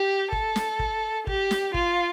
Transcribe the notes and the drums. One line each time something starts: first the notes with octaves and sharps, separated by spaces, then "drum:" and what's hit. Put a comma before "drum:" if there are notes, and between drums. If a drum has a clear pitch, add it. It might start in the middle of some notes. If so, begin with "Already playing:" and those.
Already playing: G4
A4, drum: kick
drum: snare
drum: kick
G4, drum: kick
drum: snare
F4, drum: kick